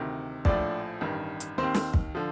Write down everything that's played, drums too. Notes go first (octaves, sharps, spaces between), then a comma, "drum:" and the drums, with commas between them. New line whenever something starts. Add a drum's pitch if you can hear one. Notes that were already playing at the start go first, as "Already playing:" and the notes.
Already playing: D2 C3 D#3
A#1 A2 F3 D4 D5, drum: kick
A1 G2 D#3
drum: hi-hat
D#2 D#3 C4 C5
drum: snare
drum: kick
D3 F3